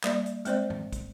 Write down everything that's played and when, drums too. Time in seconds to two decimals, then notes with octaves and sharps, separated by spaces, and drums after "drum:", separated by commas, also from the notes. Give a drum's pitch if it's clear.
0.04 G3 A#3 D5, drum: clap
0.26 drum: hi-hat
0.45 G#3 C4 C5 D5, drum: hi-hat
0.70 drum: tom G2
0.93 drum: kick, hi-hat